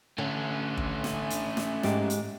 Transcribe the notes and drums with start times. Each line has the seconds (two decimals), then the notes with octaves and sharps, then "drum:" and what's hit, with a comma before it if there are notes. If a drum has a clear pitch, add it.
0.18 D3 A3 C#4
0.77 drum: kick G1
1.04 drum: snare
1.30 drum: hi-hat
1.57 drum: snare
1.83 G#2 G#3 G4, drum: snare
2.10 drum: hi-hat